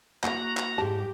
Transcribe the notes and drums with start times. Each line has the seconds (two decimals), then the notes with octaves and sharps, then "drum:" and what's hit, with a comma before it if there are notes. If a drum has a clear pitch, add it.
0.23 A#3 E4 F#4 E5 F#5 A#5, drum: clap
0.57 drum: clap
0.78 G#2 G#3 E4 G4 A5